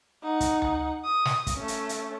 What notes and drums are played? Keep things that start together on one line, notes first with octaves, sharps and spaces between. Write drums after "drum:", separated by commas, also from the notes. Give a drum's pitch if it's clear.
D#4 F#5
drum: kick, hi-hat
drum: tom D2
D#6
drum: snare
drum: kick, hi-hat
A3 C#4
drum: hi-hat
drum: hi-hat